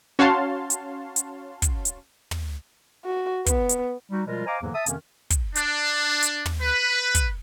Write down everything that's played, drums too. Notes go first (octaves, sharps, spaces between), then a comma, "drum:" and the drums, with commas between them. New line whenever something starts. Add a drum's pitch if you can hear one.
C#4 F#4 C#5 F5 A5 C6
drum: hi-hat
drum: hi-hat
drum: kick, hi-hat
drum: hi-hat
drum: tom
F#4
B3, drum: kick, hi-hat
drum: hi-hat
G3 D#4 F#4
B2 F3 G3 G#3 F4 A#4
C5 D#5 F5 G#5 A#5 D6
E2 G#2 D3 E3 F#3 A#3
E5 A5 D#6
F2 C3 D#3 A#3 C#4, drum: hi-hat
drum: kick, hi-hat
D4, drum: hi-hat
drum: hi-hat
drum: tom
B4
drum: kick, hi-hat